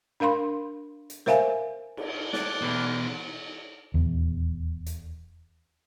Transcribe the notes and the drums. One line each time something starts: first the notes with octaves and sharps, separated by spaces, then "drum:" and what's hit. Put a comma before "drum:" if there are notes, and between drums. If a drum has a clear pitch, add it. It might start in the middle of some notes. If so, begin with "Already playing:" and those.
D4 A#4 F5 B5 C6
drum: hi-hat
A#4 C5 E5 F5 G#5, drum: snare
drum: cymbal
D5 F#6, drum: snare
B2 E3
D#1 E2
drum: hi-hat